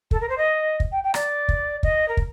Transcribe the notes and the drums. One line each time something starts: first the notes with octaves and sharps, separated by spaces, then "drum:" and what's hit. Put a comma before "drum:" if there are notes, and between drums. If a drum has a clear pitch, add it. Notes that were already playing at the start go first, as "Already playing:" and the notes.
A4, drum: kick
A#4
C5
D#5
drum: kick
G5
G5
D5, drum: rim click
drum: kick
D#5, drum: kick
A#4
drum: kick